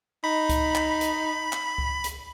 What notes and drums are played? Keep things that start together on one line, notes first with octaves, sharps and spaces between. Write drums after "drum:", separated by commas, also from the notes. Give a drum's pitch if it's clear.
D#4 B5
drum: kick C#2, hi-hat
drum: clap
drum: hi-hat
drum: clap
drum: kick C#2
drum: hi-hat